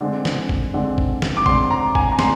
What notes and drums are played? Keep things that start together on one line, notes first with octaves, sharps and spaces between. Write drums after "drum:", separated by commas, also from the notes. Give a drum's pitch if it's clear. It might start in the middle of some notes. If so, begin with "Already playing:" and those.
D3 G#3 C4
drum: snare
drum: kick
D3 G#3 C4
drum: kick
drum: snare
D6
D3 G#3 C4 C6, drum: kick
A#5
G#5, drum: kick
A#5
D3 G#3 C4 C6, drum: snare